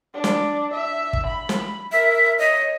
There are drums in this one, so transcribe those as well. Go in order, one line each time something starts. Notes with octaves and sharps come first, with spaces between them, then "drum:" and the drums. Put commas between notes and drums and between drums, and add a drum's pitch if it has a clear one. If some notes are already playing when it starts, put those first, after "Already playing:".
D4
drum: snare
E5
drum: kick
B5
drum: snare
A#4 E5
C#5 D#5